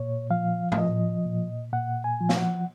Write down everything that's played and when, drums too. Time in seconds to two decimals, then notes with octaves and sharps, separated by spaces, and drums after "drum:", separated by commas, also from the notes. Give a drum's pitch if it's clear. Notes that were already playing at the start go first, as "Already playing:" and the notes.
Already playing: A#2 C#5
0.30 F3 F5
0.72 F5, drum: tom A2
0.77 F3 D#5
1.26 A#2
1.73 A#2 F#5
2.04 G#5
2.21 F3
2.29 F5, drum: snare
2.37 F#5